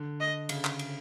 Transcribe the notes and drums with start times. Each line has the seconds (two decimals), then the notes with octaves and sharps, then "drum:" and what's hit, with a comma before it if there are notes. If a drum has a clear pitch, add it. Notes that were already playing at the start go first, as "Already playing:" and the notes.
Already playing: D3
0.20 D#5
0.49 C#3, drum: cymbal
0.64 drum: clap
0.79 drum: cymbal